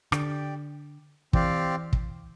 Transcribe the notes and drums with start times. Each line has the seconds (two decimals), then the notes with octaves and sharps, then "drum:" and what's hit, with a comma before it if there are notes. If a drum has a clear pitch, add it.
0.12 D3 G4 D5 G5, drum: rim click
1.33 E3 C4 G4 D5 F5, drum: kick
1.93 drum: kick